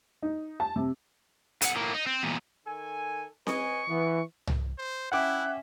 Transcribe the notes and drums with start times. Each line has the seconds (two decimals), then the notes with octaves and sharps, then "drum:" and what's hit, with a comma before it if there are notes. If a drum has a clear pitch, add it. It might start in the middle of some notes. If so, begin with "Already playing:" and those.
0.23 D#4
0.60 A5
0.76 C3
1.62 F2 F#5, drum: hi-hat
1.75 A2 A#3
1.94 D#4
2.07 C4
2.23 E2 A#2
2.66 D#3 A4 G#5
3.47 B4 D#5 G#5 C#6, drum: snare C4
3.89 E3 B3
4.47 drum: tom C2
4.78 C5
5.12 C#4 E4 E5 F#5 G5 D6 F#6